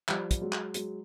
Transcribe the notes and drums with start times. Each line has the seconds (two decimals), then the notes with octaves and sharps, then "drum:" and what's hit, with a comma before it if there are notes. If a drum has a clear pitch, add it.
0.08 F3 G3, drum: clap
0.31 drum: kick, hi-hat
0.41 F#3 G#3
0.53 drum: clap
0.74 F#3 G#3, drum: hi-hat